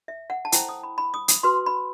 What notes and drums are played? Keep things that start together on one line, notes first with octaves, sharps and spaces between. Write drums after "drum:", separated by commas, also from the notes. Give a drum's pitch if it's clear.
E5
F#5
A5
E4 A4 C5 G5, drum: hi-hat
D#6
B5
B5
D#6
D#6, drum: hi-hat
F#4 B4 C6
B5